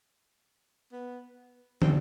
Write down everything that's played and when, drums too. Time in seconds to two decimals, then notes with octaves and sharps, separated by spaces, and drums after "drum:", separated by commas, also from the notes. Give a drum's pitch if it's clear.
0.92 B3
1.82 C4, drum: tom